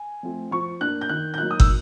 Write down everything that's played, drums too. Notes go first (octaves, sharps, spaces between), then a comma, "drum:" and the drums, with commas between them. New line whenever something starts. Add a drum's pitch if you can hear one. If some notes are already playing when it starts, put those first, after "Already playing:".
Already playing: G#5
F3 A3 C4
F3 C#6
A#3 D4 F#6
G6
D#3 F#6
G6
F#3 A#3 D#4 F#6
D#6
E6, drum: kick